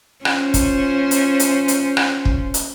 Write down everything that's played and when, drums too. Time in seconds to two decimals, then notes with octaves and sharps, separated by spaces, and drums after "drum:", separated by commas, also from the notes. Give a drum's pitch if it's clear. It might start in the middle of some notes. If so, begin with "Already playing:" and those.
0.25 C#4 F4 C5, drum: rim click
0.54 drum: kick, hi-hat
1.11 drum: hi-hat
1.40 drum: hi-hat
1.68 drum: hi-hat
1.97 drum: rim click
2.25 drum: kick
2.54 drum: hi-hat